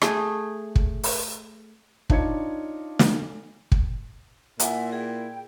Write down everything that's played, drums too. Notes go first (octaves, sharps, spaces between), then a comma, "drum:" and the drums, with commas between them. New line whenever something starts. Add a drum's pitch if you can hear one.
A3 G#4, drum: rim click
drum: kick
drum: open hi-hat
D4 D#4 F4 C#5 G#6 C#7, drum: kick
drum: snare
drum: kick
A#2 E4 E5 F#5 G#5, drum: hi-hat
G#4 G5